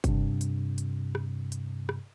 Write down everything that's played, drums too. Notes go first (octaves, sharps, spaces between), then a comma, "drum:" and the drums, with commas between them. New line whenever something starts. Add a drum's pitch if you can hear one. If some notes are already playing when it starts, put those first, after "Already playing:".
G2 C3, drum: kick, hi-hat
drum: hi-hat
drum: hi-hat
drum: rim click
drum: hi-hat
drum: rim click